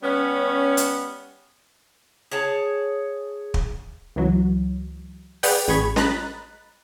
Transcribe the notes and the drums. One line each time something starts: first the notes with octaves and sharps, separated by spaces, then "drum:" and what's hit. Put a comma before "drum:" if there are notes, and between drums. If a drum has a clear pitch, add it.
G3 B3 C#4
drum: hi-hat
G#4 C#5 A5
drum: kick
C#2 E3 F#3
G#4 B4 D5 F#5 G5, drum: open hi-hat
A1 G#4 B5 C#6 G#6
D#5 A#5 B5 F#6 A6 B6, drum: snare